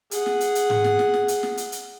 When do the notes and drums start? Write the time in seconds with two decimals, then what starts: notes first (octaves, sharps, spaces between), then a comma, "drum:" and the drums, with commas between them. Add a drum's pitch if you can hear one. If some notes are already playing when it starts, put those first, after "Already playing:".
0.11 G#4 F#5, drum: hi-hat
0.26 drum: snare
0.41 drum: hi-hat
0.55 drum: hi-hat
0.70 drum: tom G#2
0.84 drum: snare
0.99 drum: snare
1.14 drum: snare
1.28 drum: hi-hat
1.43 drum: snare
1.57 drum: hi-hat
1.72 drum: hi-hat